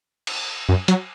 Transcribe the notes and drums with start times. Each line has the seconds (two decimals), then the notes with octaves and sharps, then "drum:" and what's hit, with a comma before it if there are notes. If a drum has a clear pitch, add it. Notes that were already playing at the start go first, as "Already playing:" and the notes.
0.27 drum: cymbal
0.69 F#2
0.88 F#3, drum: hi-hat